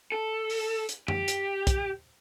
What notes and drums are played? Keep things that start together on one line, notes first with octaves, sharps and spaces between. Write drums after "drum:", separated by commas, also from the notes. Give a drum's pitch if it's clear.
A4
drum: open hi-hat
drum: hi-hat
G4, drum: tom F#2
drum: hi-hat
drum: kick, hi-hat